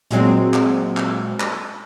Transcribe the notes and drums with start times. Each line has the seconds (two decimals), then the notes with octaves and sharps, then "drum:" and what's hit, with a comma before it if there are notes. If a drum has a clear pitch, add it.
0.11 A#2 F#3 G#3 C4, drum: hi-hat
0.54 drum: clap
0.97 drum: clap
1.40 drum: clap